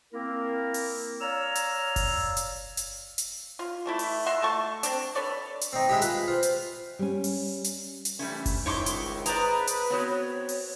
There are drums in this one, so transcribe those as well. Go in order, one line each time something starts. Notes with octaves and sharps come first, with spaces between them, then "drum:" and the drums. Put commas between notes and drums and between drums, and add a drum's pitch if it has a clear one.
A#3 C4 E4 A#4
drum: open hi-hat
C#5 D5 F5 A#5 E6 F6
drum: hi-hat
drum: kick F#1, open hi-hat
drum: hi-hat
drum: hi-hat
drum: hi-hat
F4
E3 A3 E4
drum: open hi-hat
D#5 E5 F#5 C6
A3 A5 C#6
C4 D4, drum: hi-hat
A4 B4 C#5 D5
drum: hi-hat
C4 D#4 G5
G#3 E4 G4
F4 B4, drum: hi-hat
F4 C5
drum: hi-hat
G3 C#4
drum: open hi-hat
drum: hi-hat
drum: hi-hat
D3 E3 G3 A3 C#4
drum: kick F#1, open hi-hat
C#2 G#2 D#3 D#4 E4 C#5 C6 D6
drum: hi-hat
G#4 B4 C5 D5 D#5 A#5, drum: hi-hat
drum: hi-hat
B3 C4 F#4 C#5
drum: open hi-hat